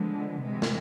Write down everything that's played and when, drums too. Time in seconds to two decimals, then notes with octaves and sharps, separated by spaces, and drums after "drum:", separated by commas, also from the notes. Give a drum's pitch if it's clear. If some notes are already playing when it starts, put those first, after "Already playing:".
Already playing: D3 F3 G#3 B3
0.41 C3 E3 G#3
0.62 drum: snare